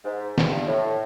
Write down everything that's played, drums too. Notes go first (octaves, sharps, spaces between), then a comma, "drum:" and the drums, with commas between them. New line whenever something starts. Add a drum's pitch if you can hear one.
G#2
G2, drum: snare
A2